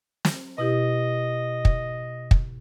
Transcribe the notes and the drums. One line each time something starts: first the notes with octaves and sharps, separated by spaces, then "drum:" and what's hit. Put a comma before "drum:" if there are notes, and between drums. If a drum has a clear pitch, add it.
drum: snare
B2 E4 G4 D#5
drum: kick
drum: kick